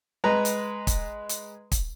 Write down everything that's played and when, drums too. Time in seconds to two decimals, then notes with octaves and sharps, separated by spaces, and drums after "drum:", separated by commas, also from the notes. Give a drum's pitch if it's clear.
0.24 G#3 B4 A#5
0.45 drum: hi-hat
0.87 drum: kick, hi-hat
1.29 drum: hi-hat
1.72 drum: kick, hi-hat